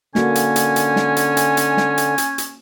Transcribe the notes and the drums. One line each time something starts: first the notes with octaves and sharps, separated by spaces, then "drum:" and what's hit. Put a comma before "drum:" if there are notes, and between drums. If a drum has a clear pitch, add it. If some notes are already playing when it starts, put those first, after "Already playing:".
D3 A#3 C#4 F#4 G#5, drum: snare
drum: hi-hat
drum: hi-hat
drum: hi-hat
drum: snare
drum: hi-hat
drum: hi-hat
drum: hi-hat
drum: snare
drum: hi-hat
drum: hi-hat
drum: hi-hat